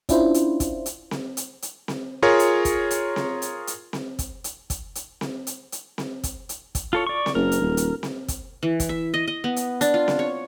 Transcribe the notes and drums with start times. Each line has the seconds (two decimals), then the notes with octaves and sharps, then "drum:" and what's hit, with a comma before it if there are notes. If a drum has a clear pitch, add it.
0.09 C#4 D4 E4 F4 C5, drum: kick, hi-hat
0.34 drum: hi-hat
0.60 drum: kick, hi-hat
0.86 drum: hi-hat
1.11 drum: snare C4
1.37 drum: hi-hat
1.62 drum: hi-hat
1.88 drum: snare C4
2.23 F4 G#4 A#4 C#5
2.39 drum: hi-hat
2.65 drum: kick, hi-hat
2.91 drum: hi-hat
3.16 drum: snare C4
3.42 drum: hi-hat
3.67 drum: hi-hat
3.93 drum: snare C4
4.19 drum: kick, hi-hat
4.44 drum: hi-hat
4.70 drum: kick, hi-hat
4.95 drum: hi-hat
5.21 drum: snare C4
5.47 drum: hi-hat
5.72 drum: hi-hat
5.98 drum: snare C4
6.23 drum: kick, hi-hat
6.49 drum: hi-hat
6.75 drum: kick, hi-hat
6.93 F4 A4 C#5
7.07 D5 C#6
7.26 drum: snare C4
7.35 F#1 A#4
7.52 drum: hi-hat
7.61 D#1
7.77 drum: hi-hat
8.03 drum: snare C4
8.28 drum: kick, hi-hat
8.63 E3
8.80 drum: kick, hi-hat
8.89 E5
9.14 D#5
9.28 D#5
9.44 B3
9.56 drum: hi-hat
9.81 D4, drum: hi-hat
9.94 F4
10.08 drum: snare C4
10.19 C#5